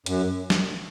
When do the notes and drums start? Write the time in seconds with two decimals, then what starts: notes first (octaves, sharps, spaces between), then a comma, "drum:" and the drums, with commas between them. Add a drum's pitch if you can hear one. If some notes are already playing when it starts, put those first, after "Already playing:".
0.06 F#2, drum: hi-hat
0.50 drum: snare